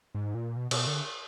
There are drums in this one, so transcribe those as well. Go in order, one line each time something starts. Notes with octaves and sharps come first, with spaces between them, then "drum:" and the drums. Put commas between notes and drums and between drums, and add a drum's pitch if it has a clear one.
G#2
A#2
B2
B2, drum: cymbal
D3